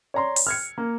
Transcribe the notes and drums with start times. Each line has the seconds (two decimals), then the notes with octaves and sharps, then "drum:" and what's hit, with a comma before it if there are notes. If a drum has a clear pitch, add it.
0.14 C#5 D5 A#5 C6
0.36 drum: open hi-hat
0.47 F6 G#6 C#7
0.78 A#3